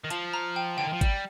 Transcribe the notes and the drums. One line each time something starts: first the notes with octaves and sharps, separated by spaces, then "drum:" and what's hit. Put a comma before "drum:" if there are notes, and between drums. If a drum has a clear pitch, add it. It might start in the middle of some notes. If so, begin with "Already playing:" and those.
D#3
F3 A5, drum: hi-hat
A#5
G5
D3 G5
D#3
F3
G3, drum: kick G#1, hi-hat